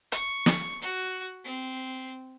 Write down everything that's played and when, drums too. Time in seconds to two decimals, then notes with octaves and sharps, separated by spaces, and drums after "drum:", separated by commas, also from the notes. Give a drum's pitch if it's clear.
0.12 C#6, drum: hi-hat
0.46 drum: snare
0.82 F#4
1.44 C4